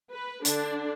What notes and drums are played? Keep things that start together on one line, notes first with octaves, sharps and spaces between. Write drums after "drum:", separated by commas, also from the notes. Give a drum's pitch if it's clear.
B4
D3 D4, drum: hi-hat